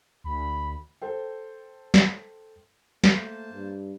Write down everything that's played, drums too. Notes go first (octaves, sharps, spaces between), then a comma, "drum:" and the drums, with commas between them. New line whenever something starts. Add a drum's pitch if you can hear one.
D2 B5
A4 C5 G5
drum: snare
A3 A#3 C5 A5, drum: snare
G2